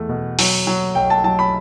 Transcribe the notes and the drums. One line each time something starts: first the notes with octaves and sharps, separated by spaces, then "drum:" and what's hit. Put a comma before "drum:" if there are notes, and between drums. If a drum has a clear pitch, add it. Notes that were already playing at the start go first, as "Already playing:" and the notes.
Already playing: E2 A3
B2
F#3, drum: open hi-hat
F#3
B1 G5
A5
F#3 A5
B5